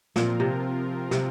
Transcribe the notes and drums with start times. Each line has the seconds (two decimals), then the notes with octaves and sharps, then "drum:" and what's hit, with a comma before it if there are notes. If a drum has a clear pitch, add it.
0.16 A#2 F3 C4 F4 A#4, drum: snare
0.40 C3
1.11 C3, drum: snare